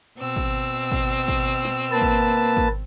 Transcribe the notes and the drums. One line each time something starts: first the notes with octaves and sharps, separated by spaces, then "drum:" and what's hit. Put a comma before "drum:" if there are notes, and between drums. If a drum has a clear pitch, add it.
B2 C4 E6
drum: kick
drum: kick
drum: kick
drum: snare
A#3 B4 A5
drum: kick
drum: kick